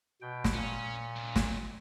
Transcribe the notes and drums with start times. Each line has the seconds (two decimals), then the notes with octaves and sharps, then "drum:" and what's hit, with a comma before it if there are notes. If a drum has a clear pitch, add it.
0.22 B2 G5
0.44 drum: snare
0.54 A#2 C#4
1.16 C#2
1.36 drum: snare